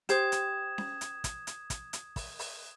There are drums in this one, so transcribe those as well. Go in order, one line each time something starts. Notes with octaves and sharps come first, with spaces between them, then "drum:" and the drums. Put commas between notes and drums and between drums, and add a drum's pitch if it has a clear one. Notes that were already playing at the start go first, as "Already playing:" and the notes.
G4 C5 D#6 G#6 E7, drum: hi-hat
drum: hi-hat
drum: snare C#4
drum: hi-hat
drum: kick, hi-hat
drum: hi-hat
drum: kick, hi-hat
drum: hi-hat
drum: kick, open hi-hat
drum: open hi-hat